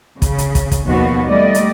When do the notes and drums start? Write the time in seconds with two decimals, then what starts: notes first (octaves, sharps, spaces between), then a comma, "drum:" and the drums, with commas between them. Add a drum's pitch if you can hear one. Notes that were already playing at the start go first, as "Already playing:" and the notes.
0.22 C#3, drum: kick, hi-hat
0.38 drum: hi-hat
0.55 drum: kick, hi-hat
0.72 drum: kick, hi-hat
0.84 D#2 B2 F3 B3 F#4
1.27 G3 A3 D5 D#5
1.54 drum: hi-hat